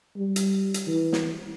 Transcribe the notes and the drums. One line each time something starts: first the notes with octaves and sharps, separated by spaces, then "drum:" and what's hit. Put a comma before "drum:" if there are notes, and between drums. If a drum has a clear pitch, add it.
G3
drum: hi-hat
drum: hi-hat
E3
drum: snare